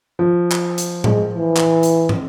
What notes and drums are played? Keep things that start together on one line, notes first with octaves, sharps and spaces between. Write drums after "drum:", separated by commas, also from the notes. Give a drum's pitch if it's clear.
F3
drum: clap
drum: hi-hat
G#3, drum: tom A2
E3
drum: clap
drum: hi-hat
drum: tom